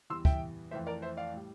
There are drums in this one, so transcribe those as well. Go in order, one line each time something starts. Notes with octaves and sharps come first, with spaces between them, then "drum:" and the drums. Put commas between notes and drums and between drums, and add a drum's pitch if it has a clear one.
E2 E3 G3 C6 E6
E5 G5, drum: kick
F2 E3 A3 C5 E5
A#4 D5
C5 E5
D5 F5
A2 G3